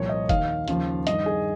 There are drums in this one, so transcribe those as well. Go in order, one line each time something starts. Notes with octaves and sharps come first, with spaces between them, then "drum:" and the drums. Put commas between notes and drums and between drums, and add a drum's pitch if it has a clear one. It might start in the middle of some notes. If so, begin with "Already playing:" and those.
Already playing: C2 A#2 F3 C#5
D#5
D#2 D#3 F5, drum: kick, hi-hat
D#2 C#3 F3, drum: hi-hat
G2 D#3 D#5, drum: hi-hat
G#4